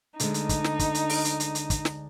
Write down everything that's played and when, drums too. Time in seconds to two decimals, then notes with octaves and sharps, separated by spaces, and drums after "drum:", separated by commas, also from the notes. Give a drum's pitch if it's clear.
0.20 D2 D3 G#3 D#4, drum: hi-hat
0.34 drum: hi-hat
0.49 drum: kick, hi-hat
0.64 drum: snare
0.79 drum: kick, hi-hat
0.95 drum: hi-hat
1.10 drum: open hi-hat
1.25 drum: hi-hat
1.40 drum: hi-hat
1.55 drum: hi-hat
1.70 drum: kick, hi-hat
1.85 drum: snare